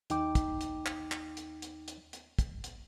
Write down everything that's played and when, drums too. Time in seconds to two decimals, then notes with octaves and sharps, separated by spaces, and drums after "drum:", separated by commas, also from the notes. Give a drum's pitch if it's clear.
0.10 D#2 D#4 G5 D6, drum: hi-hat
0.35 drum: kick, hi-hat
0.61 drum: hi-hat
0.86 drum: clap
1.12 drum: clap
1.37 drum: hi-hat
1.62 drum: hi-hat
1.88 drum: hi-hat
2.13 drum: hi-hat
2.39 drum: kick, hi-hat
2.64 drum: hi-hat